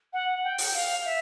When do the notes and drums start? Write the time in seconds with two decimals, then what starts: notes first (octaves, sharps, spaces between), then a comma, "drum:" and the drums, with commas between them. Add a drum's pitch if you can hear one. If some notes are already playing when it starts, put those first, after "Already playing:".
0.13 F#5
0.44 G5
0.58 drum: open hi-hat
0.74 F5
1.05 E5